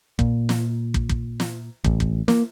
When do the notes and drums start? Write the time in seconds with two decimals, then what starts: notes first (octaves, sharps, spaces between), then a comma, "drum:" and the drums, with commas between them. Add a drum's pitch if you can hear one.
0.19 A#2, drum: kick
0.49 drum: snare
0.94 drum: kick
1.09 drum: kick
1.40 drum: snare
1.84 A1, drum: kick
2.00 drum: kick
2.28 A#3, drum: snare